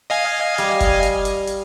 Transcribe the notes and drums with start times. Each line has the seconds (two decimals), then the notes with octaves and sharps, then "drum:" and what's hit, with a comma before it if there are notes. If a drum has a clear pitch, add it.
0.10 D#5 F5 G#5
0.58 G3, drum: hi-hat
0.81 drum: kick, hi-hat
1.03 drum: hi-hat
1.25 drum: hi-hat
1.48 drum: hi-hat